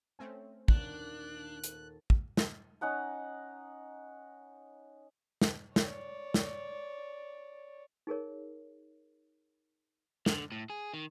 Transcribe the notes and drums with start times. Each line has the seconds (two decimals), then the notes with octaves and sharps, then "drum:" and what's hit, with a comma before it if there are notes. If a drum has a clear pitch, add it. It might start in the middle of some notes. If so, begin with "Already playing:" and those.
0.19 A3 C4 C#4
0.68 D#1 D#2 D4 F#6, drum: kick
1.64 A4, drum: hi-hat
2.10 drum: kick
2.37 drum: snare
2.81 C#4 D#4 F#5 A#5
5.42 drum: snare
5.76 C#5 D5, drum: snare
6.34 drum: snare
8.07 D#4 G#4 A#4 C#5
10.26 D3, drum: snare
10.52 A2
10.70 G#4
10.94 D#3